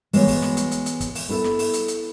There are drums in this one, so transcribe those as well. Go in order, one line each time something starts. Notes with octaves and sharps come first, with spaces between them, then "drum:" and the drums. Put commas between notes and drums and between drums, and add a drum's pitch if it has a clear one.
E3 G#3 B3 F#4 C#5, drum: open hi-hat
drum: kick, open hi-hat
drum: snare
drum: hi-hat
drum: hi-hat
drum: hi-hat
drum: kick, hi-hat
drum: open hi-hat
B3 E4 A4
drum: snare
drum: open hi-hat
drum: hi-hat
drum: hi-hat